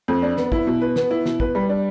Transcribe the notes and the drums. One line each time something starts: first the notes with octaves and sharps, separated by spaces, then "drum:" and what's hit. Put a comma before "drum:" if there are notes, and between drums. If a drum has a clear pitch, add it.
F2
D4
B3, drum: snare
E4, drum: kick
B2
B4
B3, drum: snare
E4
B2, drum: snare
B4, drum: kick
G3
D4